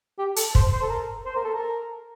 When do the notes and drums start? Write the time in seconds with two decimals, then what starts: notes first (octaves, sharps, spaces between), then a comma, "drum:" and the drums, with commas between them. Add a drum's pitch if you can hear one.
0.18 G4
0.36 A4, drum: hi-hat
0.55 C5, drum: kick
0.73 C5
0.82 A4
0.89 A#4
1.25 C5
1.36 A#4
1.44 A4
1.54 A#4